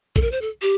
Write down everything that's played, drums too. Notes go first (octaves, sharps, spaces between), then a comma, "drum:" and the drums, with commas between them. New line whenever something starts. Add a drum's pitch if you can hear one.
A4, drum: kick A#1
A#4
C5
A4
G4